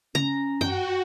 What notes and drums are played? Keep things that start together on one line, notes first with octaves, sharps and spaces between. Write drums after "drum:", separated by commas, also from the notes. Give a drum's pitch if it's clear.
C#4 A#5, drum: tom C#3
F#4 G5, drum: tom F#2